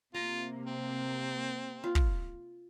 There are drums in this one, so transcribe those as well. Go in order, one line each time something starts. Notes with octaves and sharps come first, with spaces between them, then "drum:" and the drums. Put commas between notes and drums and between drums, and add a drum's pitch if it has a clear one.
C3 A#3 F4 A#5
C4
F4
drum: kick